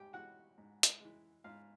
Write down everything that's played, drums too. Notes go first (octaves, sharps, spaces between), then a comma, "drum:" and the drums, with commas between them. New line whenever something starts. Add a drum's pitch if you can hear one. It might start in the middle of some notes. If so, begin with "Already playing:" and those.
Already playing: G#2 G4 G5 G#5
E3 G#3 F#4 F#5
G#2
drum: hi-hat
E3 G#3
G#2 F4 F5